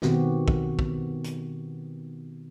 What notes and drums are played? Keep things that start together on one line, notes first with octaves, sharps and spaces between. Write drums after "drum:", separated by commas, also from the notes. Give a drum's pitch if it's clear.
B2 D#3 B3 C4 F#4 G4, drum: snare
drum: kick
drum: kick
drum: hi-hat